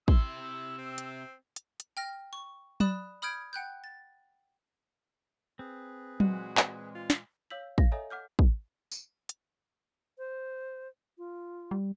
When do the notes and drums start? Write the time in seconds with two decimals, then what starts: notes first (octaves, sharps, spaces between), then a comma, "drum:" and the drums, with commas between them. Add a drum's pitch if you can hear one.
0.08 C3 E4 C6 E6, drum: kick
0.78 C4
0.98 drum: hi-hat
1.56 drum: hi-hat
1.80 drum: hi-hat
1.97 G5 F6 A#6
2.33 C#6
2.80 D5 B5 D#6 F#6 E7, drum: tom F#3
3.22 B5 D#6 F6 G6 G#6 D7
3.53 F#5 G5 F#6 G6
3.84 A6
5.59 C4 G#4 B4
6.20 A#2 E3 G#3 F#4, drum: tom F#3
6.57 drum: clap
6.95 F4
7.10 drum: snare
7.50 C#5 F5 E6 G6 B6 F#7
7.78 F5 A#6, drum: kick
7.92 A4 C#5 D#5 E5 G#5 A#5
8.10 F#5 D6 F6 G6
8.39 drum: kick
8.92 drum: tambourine
9.29 drum: hi-hat
10.18 C5
11.18 F4
11.71 G3